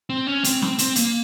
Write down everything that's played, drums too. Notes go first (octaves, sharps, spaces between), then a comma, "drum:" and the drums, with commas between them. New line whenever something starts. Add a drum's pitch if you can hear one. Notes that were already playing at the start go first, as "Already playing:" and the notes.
C4
C#4
C4, drum: hi-hat
C4, drum: snare
C4, drum: hi-hat
A#3, drum: hi-hat